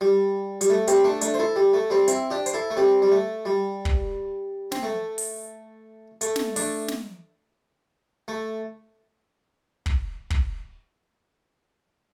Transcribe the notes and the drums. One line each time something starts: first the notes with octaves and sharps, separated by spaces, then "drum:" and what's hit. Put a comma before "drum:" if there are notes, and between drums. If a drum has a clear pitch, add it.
G3
G3, drum: hi-hat
A3
G3 C4, drum: hi-hat
A3 D4
A3 D4, drum: hi-hat
C5
E4 A4
G3
A3
G3 C4
C4 E4, drum: hi-hat
D4 G4
C5, drum: hi-hat
E4 A4
A3
G3 C4
G3
A3
G3
drum: kick
C4, drum: snare
A3
drum: open hi-hat
A3, drum: hi-hat
drum: snare
A3 D4, drum: open hi-hat
drum: snare
A3
drum: kick
drum: kick